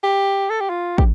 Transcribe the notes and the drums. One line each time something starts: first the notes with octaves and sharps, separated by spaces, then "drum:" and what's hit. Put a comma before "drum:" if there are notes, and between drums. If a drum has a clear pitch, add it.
G4
A4
G4
F4
G4, drum: kick